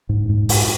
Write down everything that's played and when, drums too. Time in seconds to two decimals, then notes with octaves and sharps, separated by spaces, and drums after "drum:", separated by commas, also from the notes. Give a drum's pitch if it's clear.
0.09 G#2
0.29 G#2
0.49 G#2, drum: open hi-hat